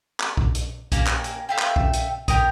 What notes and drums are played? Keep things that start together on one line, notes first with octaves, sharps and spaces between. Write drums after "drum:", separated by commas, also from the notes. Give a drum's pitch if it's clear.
drum: clap
drum: kick B1
drum: hi-hat
A#3 C#4 G4 A#4, drum: kick B1, hi-hat
drum: clap
drum: hi-hat
A3 E5 F5 G5
drum: clap
drum: kick B1
drum: hi-hat
G4 A#4 D#6, drum: kick B1, hi-hat